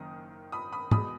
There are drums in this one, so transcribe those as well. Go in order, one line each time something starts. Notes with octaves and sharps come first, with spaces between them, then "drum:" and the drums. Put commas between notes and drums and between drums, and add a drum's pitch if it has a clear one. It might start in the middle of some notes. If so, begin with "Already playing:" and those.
Already playing: F#1 F#2 D#3 A#3 D#6
B5 D#6
B5 D#6
E2 B2 G#3 B5 D#6, drum: tom